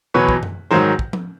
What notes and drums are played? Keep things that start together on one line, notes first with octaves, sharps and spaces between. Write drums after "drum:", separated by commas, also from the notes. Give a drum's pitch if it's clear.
E2 B2 F#3 B4 C#5
drum: kick
drum: tom F#2
G#2 D#3 F#3 A#4 C5
drum: kick
drum: tom F3